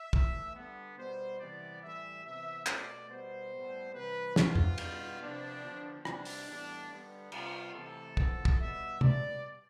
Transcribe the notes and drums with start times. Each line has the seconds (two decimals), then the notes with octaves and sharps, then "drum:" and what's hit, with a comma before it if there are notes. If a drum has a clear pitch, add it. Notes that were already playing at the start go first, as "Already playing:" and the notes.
Already playing: E5
0.13 A2 E3 A3, drum: kick
0.55 D3 G3 B3
0.97 B2 G3 B3 C5
1.39 C3 E3 G3 B3 D5
1.82 A2 E3 G3 E5
2.24 C3 E3 B3 E5
2.66 B2 A3 D5, drum: clap
3.09 B2 G3 B3 C5
3.52 A2 G3 B3
3.93 C3 E3 G3 B4
4.36 C3 E3 G3 B3 F4, drum: snare
4.55 drum: tom
4.78 B2 G3 B3, drum: cymbal
5.21 C3 F3 B3 D4
5.63 D3 F3 B3
6.05 C3 G3 B3 D4, drum: rim click
6.25 drum: open hi-hat
6.48 A2 E3 G3 B3 D4
6.90 D3 G3 B3
7.32 C3 G3 B3 F4, drum: cymbal
7.74 C3 E3 A3 A4
8.17 A2 F3 B3, drum: kick
8.45 drum: kick
8.59 B2 G3 B3 E5
9.01 B2 G3 B3 D5, drum: tom